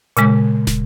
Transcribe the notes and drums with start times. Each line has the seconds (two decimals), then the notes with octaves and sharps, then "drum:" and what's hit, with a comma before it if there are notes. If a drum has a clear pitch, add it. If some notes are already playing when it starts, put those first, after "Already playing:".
0.17 A#2 C#3 G#3, drum: hi-hat
0.67 drum: snare